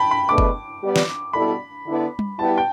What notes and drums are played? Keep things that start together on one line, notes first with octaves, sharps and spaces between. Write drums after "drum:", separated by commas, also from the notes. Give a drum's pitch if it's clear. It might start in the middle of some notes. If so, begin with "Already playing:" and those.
Already playing: G5 A5 B5
B5
E2 B2 A3 D4 B4 D6
drum: kick F#1
G3 B3 G4 D5
drum: snare
B2 G3 E4 A4 D5 B5
D3 B3 E4 A4 D5
drum: tom G3
G3 B3 E4 G4 A5
G5